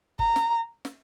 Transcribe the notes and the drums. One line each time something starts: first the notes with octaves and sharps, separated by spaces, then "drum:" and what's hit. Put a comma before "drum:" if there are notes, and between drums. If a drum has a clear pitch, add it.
A#5, drum: kick G1
drum: snare
drum: snare